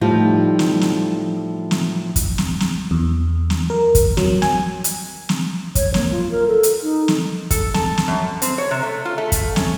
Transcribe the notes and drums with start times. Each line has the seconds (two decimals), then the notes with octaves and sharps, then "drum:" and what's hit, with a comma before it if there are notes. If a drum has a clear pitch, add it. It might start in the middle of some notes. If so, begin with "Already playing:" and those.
0.01 A2 F3 G3 D#4 F4
0.59 drum: snare
0.81 drum: snare
1.71 drum: snare
2.16 drum: kick, hi-hat
2.38 drum: snare
2.60 drum: snare
2.91 E2
3.50 drum: snare
3.70 A#4
3.95 drum: kick, hi-hat
4.17 F#3, drum: snare
4.42 G#5, drum: snare
4.84 drum: hi-hat
5.29 drum: snare
5.75 C#5, drum: kick, hi-hat
5.94 A#3, drum: snare
6.11 F4
6.31 A#4
6.48 A4
6.63 drum: hi-hat
6.83 D#4
7.08 drum: snare
7.51 A4, drum: kick, hi-hat
7.74 A5, drum: snare
7.98 drum: snare
8.08 F#2
8.42 C4, drum: hi-hat
8.58 C#5
8.71 C3
8.83 A3
9.05 F4
9.18 A3
9.32 drum: kick, hi-hat
9.56 C#4, drum: snare